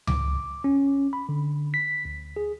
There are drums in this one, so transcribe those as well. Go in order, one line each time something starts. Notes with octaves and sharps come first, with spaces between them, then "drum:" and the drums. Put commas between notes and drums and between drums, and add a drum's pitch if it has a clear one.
D6, drum: tom C#2
C#4
B5
D3
B6
D2
G#4